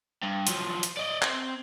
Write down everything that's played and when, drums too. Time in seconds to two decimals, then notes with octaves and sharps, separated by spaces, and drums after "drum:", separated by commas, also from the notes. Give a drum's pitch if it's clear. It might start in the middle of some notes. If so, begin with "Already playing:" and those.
0.23 G2
0.47 F3 F#3, drum: hi-hat
0.83 drum: hi-hat
0.97 D5 D#5
1.22 C4, drum: clap